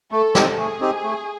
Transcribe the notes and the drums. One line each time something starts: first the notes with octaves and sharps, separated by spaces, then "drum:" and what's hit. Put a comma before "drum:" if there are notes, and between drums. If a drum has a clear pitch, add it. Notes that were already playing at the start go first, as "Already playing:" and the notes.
A3 A4
C4 D#4 G4, drum: snare
A3 G#4
C4 D#4 G4
A3